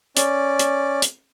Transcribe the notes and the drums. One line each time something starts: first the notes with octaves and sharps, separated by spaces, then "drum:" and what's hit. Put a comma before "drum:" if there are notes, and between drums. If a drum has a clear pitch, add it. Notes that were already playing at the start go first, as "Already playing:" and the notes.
C#4 D5, drum: hi-hat
drum: hi-hat
drum: hi-hat